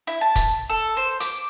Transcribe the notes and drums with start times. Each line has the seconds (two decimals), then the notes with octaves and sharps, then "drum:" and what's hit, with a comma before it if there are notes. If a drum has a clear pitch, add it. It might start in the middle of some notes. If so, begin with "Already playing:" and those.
0.07 E4
0.21 A5
0.36 drum: kick, hi-hat
0.69 A4
0.97 C5
1.20 D6, drum: hi-hat